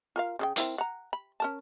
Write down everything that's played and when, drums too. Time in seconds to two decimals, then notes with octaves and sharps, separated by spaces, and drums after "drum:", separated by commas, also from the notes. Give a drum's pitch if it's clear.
0.16 F4 A#4 F5
0.39 C#3 G#4 G5
0.56 C4 E4 A#4, drum: hi-hat
0.78 F#5 A#5
1.13 B5
1.40 C#4 A#4 A5